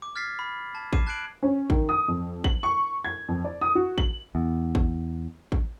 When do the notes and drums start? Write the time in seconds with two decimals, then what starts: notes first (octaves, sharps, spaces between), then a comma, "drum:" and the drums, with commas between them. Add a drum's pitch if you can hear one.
0.02 D6
0.16 F6 G#6 A6 B6 C7
0.39 B5
0.75 A5 G#6
0.93 D6 C7 D#7 E7, drum: kick A1
1.06 A5 F#6 G#6 C7 D7 F#7
1.43 C#4
1.70 D#3, drum: kick A1
1.89 D#6
2.08 F2
2.44 F#7, drum: kick A1
2.63 C#6
3.04 G#6
3.28 F2
3.44 D5
3.61 D#6
3.75 F#4
3.98 F#7, drum: kick A1
4.35 E2
4.75 drum: kick A1
5.52 drum: kick A1